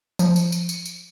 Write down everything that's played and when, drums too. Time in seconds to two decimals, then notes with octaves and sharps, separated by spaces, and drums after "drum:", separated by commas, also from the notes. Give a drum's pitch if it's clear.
0.19 F3, drum: tambourine
0.36 drum: tambourine
0.52 drum: tambourine
0.69 drum: tambourine
0.85 drum: tambourine